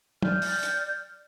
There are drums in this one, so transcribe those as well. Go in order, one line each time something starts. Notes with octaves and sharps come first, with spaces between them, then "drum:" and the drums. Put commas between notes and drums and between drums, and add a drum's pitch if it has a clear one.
D5 F6 G6, drum: tom
drum: open hi-hat
drum: hi-hat